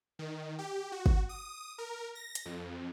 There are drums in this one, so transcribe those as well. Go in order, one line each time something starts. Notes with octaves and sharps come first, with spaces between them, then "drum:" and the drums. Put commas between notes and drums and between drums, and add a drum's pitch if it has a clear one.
D#3
G4
F#4
drum: kick
D#6
A#4
A#6
drum: hi-hat
F2